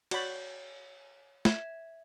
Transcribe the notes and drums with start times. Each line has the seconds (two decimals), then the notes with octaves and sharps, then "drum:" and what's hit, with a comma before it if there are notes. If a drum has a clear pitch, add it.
0.11 F#4 C#5 D5 B5 G6, drum: cymbal
1.45 E5 G#6 E7, drum: snare